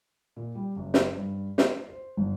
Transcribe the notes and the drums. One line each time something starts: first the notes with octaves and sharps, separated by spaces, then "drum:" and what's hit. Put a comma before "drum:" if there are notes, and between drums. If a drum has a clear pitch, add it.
A#2
G3
F#1
drum: snare
G2
C7, drum: snare
C5
G1